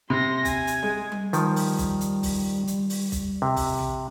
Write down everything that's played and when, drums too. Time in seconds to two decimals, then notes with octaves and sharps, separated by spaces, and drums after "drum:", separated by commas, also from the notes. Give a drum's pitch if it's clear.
0.10 C3 C6 A#6
0.45 G#5, drum: kick, hi-hat
0.67 drum: hi-hat
0.83 G#3
1.12 drum: tom G3
1.33 D#3 F3 G3, drum: hi-hat
1.56 drum: open hi-hat
1.78 drum: kick, hi-hat
2.01 drum: hi-hat
2.23 drum: kick, open hi-hat
2.67 drum: hi-hat
2.90 drum: open hi-hat
3.12 drum: kick, hi-hat
3.42 C3
3.56 drum: kick, open hi-hat
3.79 drum: tom A#1